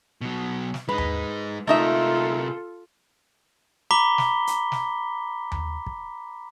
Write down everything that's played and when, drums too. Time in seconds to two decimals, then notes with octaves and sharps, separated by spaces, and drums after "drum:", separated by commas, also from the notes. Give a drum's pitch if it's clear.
0.21 B2 F#3
0.74 drum: snare
0.89 G#3 D#4 B4
0.98 drum: tom D#2
1.67 C3 A3 D#4 F4 A4 A#4 E5
3.91 A#5 B5 D6 B6 G7
4.18 drum: snare
4.47 drum: hi-hat
4.72 drum: snare
5.52 drum: tom D#2
5.87 drum: kick